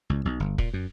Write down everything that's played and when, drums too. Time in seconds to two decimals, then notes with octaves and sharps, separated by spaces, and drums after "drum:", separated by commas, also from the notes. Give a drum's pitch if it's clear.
0.10 C#2
0.25 B1
0.40 G1
0.58 A#2, drum: kick
0.73 F#2